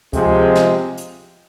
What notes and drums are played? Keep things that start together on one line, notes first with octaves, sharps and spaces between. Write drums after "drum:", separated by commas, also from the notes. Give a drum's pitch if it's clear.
C3 F3 G#3, drum: kick D2, hi-hat
drum: snare
drum: hi-hat